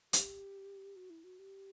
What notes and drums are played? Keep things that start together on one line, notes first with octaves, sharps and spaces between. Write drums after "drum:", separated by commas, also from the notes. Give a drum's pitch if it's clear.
G4, drum: hi-hat
F#4
E4
F#4
G4